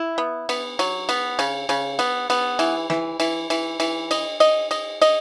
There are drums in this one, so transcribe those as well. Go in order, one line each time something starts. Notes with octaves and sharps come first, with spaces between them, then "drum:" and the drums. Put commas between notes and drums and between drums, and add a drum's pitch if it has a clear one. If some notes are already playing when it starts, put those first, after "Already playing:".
Already playing: E4
B3
B3, drum: cymbal
F#3, drum: cymbal
B3, drum: cymbal
C#3, drum: cymbal
C#3, drum: cymbal
B3, drum: cymbal
B3, drum: cymbal
E3, drum: cymbal
E3, drum: snare
E3, drum: cymbal
E3, drum: cymbal
E3, drum: cymbal
D#5, drum: cymbal
D#5, drum: cymbal
D#5, drum: cymbal
D#5, drum: cymbal